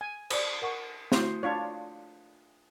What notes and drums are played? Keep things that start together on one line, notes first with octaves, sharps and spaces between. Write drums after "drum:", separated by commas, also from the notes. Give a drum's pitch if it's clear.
G#5
C5 D5, drum: cymbal
A#4 F#5 C#6
A3 E4 F#4 C5, drum: snare
D4 F4 C#5